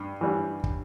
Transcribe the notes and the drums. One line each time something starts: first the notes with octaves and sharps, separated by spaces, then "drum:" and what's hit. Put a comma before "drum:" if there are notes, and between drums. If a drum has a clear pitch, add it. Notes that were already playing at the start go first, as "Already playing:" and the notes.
Already playing: G2
E3 G3
drum: kick